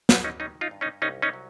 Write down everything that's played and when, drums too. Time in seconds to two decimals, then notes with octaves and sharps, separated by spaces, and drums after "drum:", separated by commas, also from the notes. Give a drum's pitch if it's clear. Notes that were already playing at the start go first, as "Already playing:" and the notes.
0.09 G3 C4 D4, drum: snare
0.24 C#4 D#4
0.40 D#3 C#4 D#4
0.61 D#4 F4
0.71 G2
0.81 C#4 D#4
1.02 C2 C#4 D#4
1.22 C#4 D#4
1.33 F#3